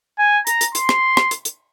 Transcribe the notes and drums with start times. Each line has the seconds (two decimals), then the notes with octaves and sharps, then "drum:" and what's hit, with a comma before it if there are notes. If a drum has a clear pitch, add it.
0.19 G#5
0.47 A#5, drum: hi-hat
0.61 drum: hi-hat
0.75 C6, drum: hi-hat
0.89 drum: rim click
1.17 drum: rim click
1.31 drum: hi-hat
1.45 drum: hi-hat